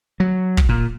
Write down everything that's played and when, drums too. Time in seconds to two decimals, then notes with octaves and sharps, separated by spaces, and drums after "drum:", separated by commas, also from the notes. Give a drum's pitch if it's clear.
0.20 F#3
0.57 drum: kick
0.69 A#2